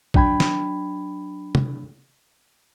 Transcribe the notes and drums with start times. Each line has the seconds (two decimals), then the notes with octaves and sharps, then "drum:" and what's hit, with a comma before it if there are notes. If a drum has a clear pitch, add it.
0.14 F#3 D4 G5 B5 G#6, drum: kick
0.40 drum: snare
1.55 drum: tom